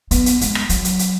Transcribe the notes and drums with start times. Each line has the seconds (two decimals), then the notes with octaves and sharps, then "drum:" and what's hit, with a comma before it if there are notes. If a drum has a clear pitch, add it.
0.11 B3, drum: hi-hat
0.26 drum: hi-hat
0.41 G#3, drum: hi-hat
0.55 drum: rim click
0.69 F#3, drum: hi-hat
0.85 drum: hi-hat
0.99 drum: hi-hat